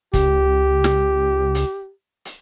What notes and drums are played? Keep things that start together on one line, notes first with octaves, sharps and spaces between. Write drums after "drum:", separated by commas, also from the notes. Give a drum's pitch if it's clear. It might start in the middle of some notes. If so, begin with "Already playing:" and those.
C#2 G4, drum: kick, hi-hat
drum: snare
drum: hi-hat
drum: hi-hat